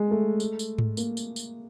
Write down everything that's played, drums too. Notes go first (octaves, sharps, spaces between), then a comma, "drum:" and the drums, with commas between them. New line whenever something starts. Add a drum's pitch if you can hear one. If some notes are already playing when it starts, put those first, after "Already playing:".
Already playing: G#3
A3
drum: tambourine
drum: tambourine
drum: tom G#2
A#3, drum: tambourine
drum: tambourine
drum: tambourine